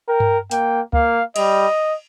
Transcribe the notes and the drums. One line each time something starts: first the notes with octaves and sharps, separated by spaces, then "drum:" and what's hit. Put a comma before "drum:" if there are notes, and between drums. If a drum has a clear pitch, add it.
A#4 G5
drum: tom G2
A#3 G5, drum: hi-hat
A#3 F5, drum: kick C#2
G3 D#5, drum: cymbal